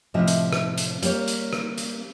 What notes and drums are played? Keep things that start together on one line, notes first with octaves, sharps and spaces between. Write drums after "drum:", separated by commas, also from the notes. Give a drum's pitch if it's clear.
A2 C3 F3 D#5 E5
drum: hi-hat
drum: rim click
drum: hi-hat
G3 A#3 C#5, drum: hi-hat
drum: hi-hat
drum: rim click
drum: hi-hat